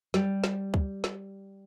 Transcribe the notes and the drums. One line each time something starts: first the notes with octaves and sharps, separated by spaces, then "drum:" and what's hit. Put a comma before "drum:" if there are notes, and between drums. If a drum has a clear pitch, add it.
G3, drum: snare
drum: snare
drum: kick C#2
drum: snare